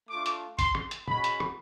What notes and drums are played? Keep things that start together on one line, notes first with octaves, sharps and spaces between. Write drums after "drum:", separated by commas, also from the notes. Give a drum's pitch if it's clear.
A3 D4 F4 D6
drum: hi-hat
C6, drum: kick G1, hi-hat
drum: rim click
drum: hi-hat
G#3 C#4 F#4 B5, drum: tom
drum: hi-hat
drum: rim click